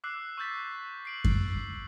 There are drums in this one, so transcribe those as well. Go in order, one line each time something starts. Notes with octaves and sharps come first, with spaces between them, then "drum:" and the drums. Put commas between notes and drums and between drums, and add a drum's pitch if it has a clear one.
D6 E6 F#6 C7
C#6 E6 G6 A6 B6
C7 D7 F#7
drum: kick F#2